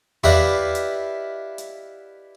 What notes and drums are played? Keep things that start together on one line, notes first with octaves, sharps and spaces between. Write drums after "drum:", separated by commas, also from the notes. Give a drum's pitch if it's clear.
E4 G4 B4 D5 D#5 F5, drum: tom E2
drum: hi-hat
drum: hi-hat